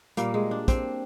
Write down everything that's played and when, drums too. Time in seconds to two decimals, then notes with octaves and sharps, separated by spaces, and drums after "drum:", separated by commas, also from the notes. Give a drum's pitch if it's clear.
0.17 A#2 G3 A#3, drum: hi-hat
0.34 G#3
0.51 D4
0.68 C4, drum: kick, hi-hat